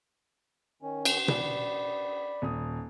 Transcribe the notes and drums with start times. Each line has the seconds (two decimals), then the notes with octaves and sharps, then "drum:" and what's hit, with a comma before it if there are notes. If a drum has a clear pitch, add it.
0.82 D#3 C#4
1.05 drum: cymbal
1.28 D5 B5, drum: tom B2
2.42 D#1 D#6